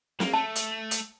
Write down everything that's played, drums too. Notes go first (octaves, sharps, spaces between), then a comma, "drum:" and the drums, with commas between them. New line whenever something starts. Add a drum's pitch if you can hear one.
A#3, drum: snare
A3 A5
drum: hi-hat
drum: hi-hat